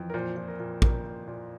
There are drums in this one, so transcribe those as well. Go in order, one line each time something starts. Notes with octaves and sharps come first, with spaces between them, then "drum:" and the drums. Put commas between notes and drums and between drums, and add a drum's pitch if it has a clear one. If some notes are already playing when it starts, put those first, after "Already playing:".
Already playing: F2 E3
A#4
A#2 C5
A#2
A#4
A#2
A#3, drum: kick
A#2
A#2